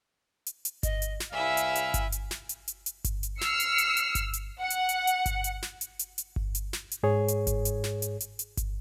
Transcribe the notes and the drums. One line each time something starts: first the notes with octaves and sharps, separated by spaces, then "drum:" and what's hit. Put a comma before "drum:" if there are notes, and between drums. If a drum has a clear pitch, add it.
drum: hi-hat
drum: hi-hat
D#5, drum: kick G1, hi-hat
drum: hi-hat
drum: snare
C2 E4 E5 F5 G#5
drum: hi-hat
drum: hi-hat
drum: kick G1, hi-hat
drum: hi-hat
drum: snare
drum: hi-hat
drum: hi-hat
drum: hi-hat
drum: kick G1, hi-hat
drum: hi-hat
E6 F6 C7 C#7, drum: snare
drum: hi-hat
drum: hi-hat
drum: hi-hat
drum: kick G1, hi-hat
drum: hi-hat
F#5
drum: hi-hat
drum: hi-hat
drum: hi-hat
drum: kick G1, hi-hat
drum: hi-hat
drum: snare
drum: hi-hat
drum: hi-hat
drum: hi-hat
drum: kick G1
drum: hi-hat
drum: snare
drum: hi-hat
G#2 G#4 C#5
drum: hi-hat
drum: kick G1, hi-hat
drum: hi-hat
drum: snare
drum: hi-hat
drum: hi-hat
drum: hi-hat
drum: kick G1, hi-hat